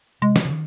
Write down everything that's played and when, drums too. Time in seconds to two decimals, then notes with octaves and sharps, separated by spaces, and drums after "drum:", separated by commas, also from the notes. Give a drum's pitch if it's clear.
0.22 C3 G#3
0.36 drum: snare
0.45 C#3
0.49 D#3